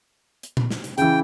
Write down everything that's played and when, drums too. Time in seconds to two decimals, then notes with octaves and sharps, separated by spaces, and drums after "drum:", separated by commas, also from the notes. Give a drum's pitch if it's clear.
0.43 drum: hi-hat
0.57 drum: tom A#2
0.70 drum: snare
0.84 drum: hi-hat
0.98 C#3 E3 G5, drum: hi-hat